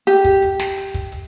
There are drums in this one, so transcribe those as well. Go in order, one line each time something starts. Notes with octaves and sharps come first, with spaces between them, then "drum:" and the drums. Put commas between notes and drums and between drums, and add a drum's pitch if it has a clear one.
G4, drum: hi-hat
drum: kick, hi-hat
drum: hi-hat
drum: snare
drum: hi-hat
drum: kick, hi-hat
drum: hi-hat